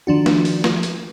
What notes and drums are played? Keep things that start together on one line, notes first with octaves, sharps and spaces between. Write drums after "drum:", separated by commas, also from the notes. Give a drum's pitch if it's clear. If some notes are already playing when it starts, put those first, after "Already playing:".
D#3 F3 D4 F#4
drum: snare
drum: open hi-hat
drum: snare
drum: hi-hat